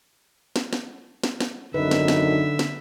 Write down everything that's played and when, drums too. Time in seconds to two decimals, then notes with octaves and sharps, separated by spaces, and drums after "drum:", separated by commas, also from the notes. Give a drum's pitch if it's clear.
0.56 drum: snare
0.73 drum: snare
1.24 drum: snare
1.40 drum: snare
1.74 G#1 F#2 D3 D#4 B4 E5
1.91 drum: snare
2.08 drum: snare
2.59 drum: snare